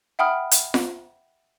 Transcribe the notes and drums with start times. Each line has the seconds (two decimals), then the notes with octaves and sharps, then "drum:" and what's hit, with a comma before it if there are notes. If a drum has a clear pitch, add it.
0.19 E5 F#5 G5 B5 D#6 F6
0.51 drum: hi-hat
0.74 drum: snare F4